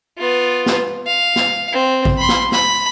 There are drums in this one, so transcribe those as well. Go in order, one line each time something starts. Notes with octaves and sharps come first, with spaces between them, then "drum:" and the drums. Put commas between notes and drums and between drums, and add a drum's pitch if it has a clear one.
B3 F4
drum: snare
F5
drum: snare
C4
drum: kick A1
B5 C6
drum: snare
B5, drum: snare